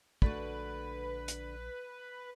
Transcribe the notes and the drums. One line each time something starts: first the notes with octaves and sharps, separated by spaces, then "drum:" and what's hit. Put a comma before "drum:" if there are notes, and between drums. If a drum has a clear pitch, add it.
A#1 D3 A3 F#4 B4, drum: kick
drum: hi-hat